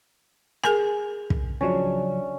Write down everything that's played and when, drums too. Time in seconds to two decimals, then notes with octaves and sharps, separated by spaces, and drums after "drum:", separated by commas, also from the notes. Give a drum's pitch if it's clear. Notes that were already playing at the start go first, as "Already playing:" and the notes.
0.64 G#4 A#4 G#5, drum: rim click
1.30 drum: kick
1.61 C#3 F3 F#3 C#4 D4 E5